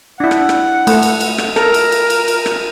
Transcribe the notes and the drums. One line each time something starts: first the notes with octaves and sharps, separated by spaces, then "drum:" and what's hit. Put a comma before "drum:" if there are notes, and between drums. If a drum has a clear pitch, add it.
D4 E4 F#5
drum: rim click
drum: rim click
A3, drum: cymbal
drum: cymbal
drum: cymbal
drum: rim click
A4 A#4, drum: rim click
drum: cymbal
drum: cymbal
drum: cymbal
drum: cymbal
drum: rim click